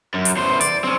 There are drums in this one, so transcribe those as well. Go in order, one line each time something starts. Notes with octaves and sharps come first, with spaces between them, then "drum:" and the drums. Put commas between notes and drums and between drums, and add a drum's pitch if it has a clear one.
F#2
drum: hi-hat
E2 C5
D5, drum: hi-hat
C4 C#4